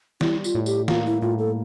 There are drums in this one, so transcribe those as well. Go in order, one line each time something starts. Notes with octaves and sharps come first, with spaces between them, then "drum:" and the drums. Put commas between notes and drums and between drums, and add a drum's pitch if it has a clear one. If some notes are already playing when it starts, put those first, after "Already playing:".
G3 E4, drum: snare
F4, drum: tambourine
A2
G4, drum: tambourine
A#3 F4, drum: snare
E4
A2 F4
A4